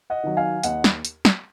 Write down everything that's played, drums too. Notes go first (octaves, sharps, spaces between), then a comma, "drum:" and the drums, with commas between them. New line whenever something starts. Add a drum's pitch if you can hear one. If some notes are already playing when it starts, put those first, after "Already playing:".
D#5 F#5
D#3 F#3
F5 G#5
D#2 D#5 F#5, drum: hi-hat
drum: snare
drum: hi-hat
drum: snare